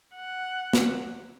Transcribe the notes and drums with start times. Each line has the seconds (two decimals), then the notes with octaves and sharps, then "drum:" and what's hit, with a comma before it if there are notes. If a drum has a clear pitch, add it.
0.15 F#5
0.73 drum: snare